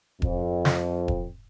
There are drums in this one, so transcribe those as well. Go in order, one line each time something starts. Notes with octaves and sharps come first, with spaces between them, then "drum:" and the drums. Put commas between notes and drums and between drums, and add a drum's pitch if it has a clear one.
F2, drum: kick E1
drum: snare
drum: kick E1